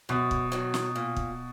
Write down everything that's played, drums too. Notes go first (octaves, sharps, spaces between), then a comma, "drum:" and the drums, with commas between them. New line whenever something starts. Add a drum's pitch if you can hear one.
F#2 B2
drum: kick
D#3 F#3
drum: snare
A#2
drum: kick